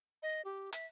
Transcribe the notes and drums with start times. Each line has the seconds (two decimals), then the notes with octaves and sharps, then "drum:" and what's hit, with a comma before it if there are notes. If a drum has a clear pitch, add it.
0.23 D#5
0.45 G4
0.73 E5, drum: hi-hat